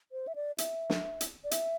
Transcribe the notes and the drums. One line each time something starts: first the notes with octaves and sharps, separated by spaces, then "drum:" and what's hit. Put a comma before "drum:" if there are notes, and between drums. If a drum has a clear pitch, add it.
C5
E5
D5
E5, drum: hi-hat
drum: snare
drum: hi-hat
D5
E5, drum: hi-hat